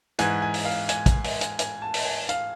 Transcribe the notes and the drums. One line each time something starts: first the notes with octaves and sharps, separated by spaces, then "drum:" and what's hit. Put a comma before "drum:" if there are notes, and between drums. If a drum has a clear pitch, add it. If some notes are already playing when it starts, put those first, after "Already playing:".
G#2 E3 G#5, drum: hi-hat
G#5
drum: open hi-hat
F5
G#5, drum: hi-hat
G#5, drum: kick, hi-hat
G#5, drum: open hi-hat
G#5, drum: hi-hat
G#5, drum: hi-hat
A5
drum: open hi-hat
G#5
F5, drum: hi-hat